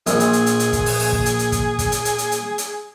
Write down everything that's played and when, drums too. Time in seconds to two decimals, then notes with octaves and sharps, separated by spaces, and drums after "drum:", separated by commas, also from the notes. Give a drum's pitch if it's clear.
0.07 A#1 G#4, drum: hi-hat
0.20 drum: hi-hat
0.33 drum: hi-hat
0.46 drum: hi-hat
0.60 drum: hi-hat
0.73 drum: kick, hi-hat
0.86 drum: open hi-hat
0.99 drum: open hi-hat
1.12 drum: kick
1.26 drum: hi-hat
1.39 drum: hi-hat
1.52 drum: kick, hi-hat
1.79 drum: kick, hi-hat
1.92 drum: hi-hat
2.05 drum: hi-hat
2.18 drum: hi-hat
2.32 drum: hi-hat
2.58 drum: hi-hat